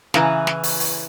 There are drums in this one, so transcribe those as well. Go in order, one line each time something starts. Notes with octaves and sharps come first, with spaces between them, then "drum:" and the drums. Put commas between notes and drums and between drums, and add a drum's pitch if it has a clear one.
C#3 E3 B4 G#5 A#5 F#6, drum: snare
drum: snare
drum: open hi-hat
drum: open hi-hat